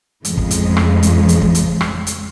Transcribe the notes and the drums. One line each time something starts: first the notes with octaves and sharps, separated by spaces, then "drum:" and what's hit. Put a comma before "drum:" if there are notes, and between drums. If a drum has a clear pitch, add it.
F2 A2 C#3 F3 G#3, drum: hi-hat
drum: kick
drum: hi-hat
drum: rim click
drum: hi-hat
drum: hi-hat
drum: kick
drum: hi-hat
drum: rim click
drum: hi-hat